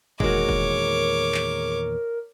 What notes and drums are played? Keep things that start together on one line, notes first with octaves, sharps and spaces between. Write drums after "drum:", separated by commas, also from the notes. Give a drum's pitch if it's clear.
E2 A#2 D#3 G#3 F#4 A#4 C#5 D6, drum: kick
drum: kick
drum: clap